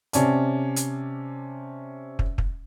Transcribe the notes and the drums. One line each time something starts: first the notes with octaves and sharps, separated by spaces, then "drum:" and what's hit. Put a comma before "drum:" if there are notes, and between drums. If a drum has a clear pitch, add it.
C3 C#4 D5 A5, drum: hi-hat
drum: hi-hat
drum: kick
drum: kick